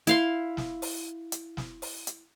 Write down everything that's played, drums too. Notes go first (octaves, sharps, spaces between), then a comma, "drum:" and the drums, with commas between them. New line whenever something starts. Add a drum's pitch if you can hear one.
E4 F5 C6, drum: hi-hat
drum: snare
drum: open hi-hat
drum: hi-hat
drum: snare
drum: open hi-hat
drum: hi-hat